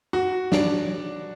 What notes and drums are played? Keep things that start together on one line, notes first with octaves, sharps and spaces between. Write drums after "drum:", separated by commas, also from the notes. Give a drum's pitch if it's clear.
F#4
D4, drum: snare